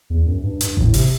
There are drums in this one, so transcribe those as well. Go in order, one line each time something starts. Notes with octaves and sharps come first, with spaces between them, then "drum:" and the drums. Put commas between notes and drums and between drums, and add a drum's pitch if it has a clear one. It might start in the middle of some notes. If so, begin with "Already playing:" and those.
E2
F#2
G2
G2, drum: hi-hat
A2, drum: kick G#1
C3, drum: open hi-hat